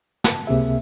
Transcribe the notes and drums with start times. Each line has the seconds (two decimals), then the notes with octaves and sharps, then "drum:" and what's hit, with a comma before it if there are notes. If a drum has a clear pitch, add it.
0.24 A5, drum: snare
0.47 C#2 C3 A#3 G#4 E5